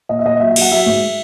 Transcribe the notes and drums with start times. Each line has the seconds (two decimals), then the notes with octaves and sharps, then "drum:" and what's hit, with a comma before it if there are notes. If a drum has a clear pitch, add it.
0.09 A#2 D#5
0.19 E5
0.25 A#2 D#5
0.40 F#3 E5
0.51 E5
0.56 F#3 F#5, drum: cymbal
0.72 F#3 E5
0.86 G#2